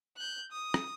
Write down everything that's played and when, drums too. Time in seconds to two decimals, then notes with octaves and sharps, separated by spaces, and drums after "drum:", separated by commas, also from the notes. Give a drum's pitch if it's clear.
0.17 F#6 G6
0.52 D#6
0.74 drum: rim click